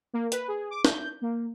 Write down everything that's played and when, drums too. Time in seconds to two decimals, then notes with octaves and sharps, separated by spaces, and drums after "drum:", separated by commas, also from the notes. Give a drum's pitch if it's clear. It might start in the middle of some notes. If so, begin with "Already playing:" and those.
0.13 A#3
0.32 B4, drum: hi-hat
0.48 G#4
0.71 D6
0.85 G6, drum: snare
1.22 A#3